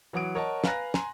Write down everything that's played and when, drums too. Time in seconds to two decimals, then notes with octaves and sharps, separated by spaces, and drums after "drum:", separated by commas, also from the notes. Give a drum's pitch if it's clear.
0.13 E3 F#3 F#5 D#6 D7
0.35 A#4 C#5 D#5 F#5 A5
0.64 B4 F5 G#5 A#5 F#6 A#6, drum: snare
0.94 G#5 A#5 C6, drum: snare